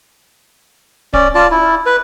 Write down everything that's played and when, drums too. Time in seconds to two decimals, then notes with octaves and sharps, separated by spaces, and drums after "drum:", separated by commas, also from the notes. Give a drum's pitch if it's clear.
1.14 C#4 D5, drum: kick D1
1.35 F4 D5 A5
1.51 E4
1.86 B4